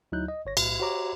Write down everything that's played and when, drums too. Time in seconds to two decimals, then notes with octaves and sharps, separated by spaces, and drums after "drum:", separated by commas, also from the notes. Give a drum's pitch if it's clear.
0.12 D2 F#3 D#4 E4 F#6 G6
0.28 D#5
0.46 G1 C#5 A#6
0.57 B1 A2, drum: cymbal
0.80 F#4 G4 C5 C#5 A#5 D6